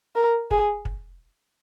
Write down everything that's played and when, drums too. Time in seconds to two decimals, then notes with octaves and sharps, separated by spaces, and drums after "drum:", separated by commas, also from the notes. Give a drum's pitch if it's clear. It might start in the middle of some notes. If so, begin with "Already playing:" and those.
0.15 A#4
0.51 G#4, drum: kick
0.85 drum: kick